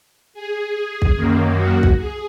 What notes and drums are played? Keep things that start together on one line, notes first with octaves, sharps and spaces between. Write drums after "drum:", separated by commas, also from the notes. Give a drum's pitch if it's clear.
G#4
drum: kick
F#2 D#3 A#3
F#4
drum: kick
G#4